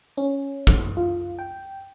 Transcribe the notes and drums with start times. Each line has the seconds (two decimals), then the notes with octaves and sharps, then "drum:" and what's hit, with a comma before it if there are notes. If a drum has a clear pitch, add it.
0.17 C#4
0.67 drum: kick
0.97 F4
1.39 G5